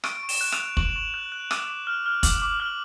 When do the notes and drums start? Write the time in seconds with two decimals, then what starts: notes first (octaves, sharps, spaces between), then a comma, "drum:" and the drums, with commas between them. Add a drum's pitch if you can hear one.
0.04 C#6 D7, drum: rim click
0.23 C#6
0.29 E7, drum: open hi-hat
0.41 F#6
0.52 F7, drum: rim click
0.59 F#6
0.77 C#6 F#7, drum: kick
0.96 C#6
1.14 F#6
1.32 F#6
1.51 D6, drum: rim click
1.68 D6
1.87 F6
2.06 F6
2.23 D6 F#7, drum: kick, hi-hat
2.42 D6
2.60 F6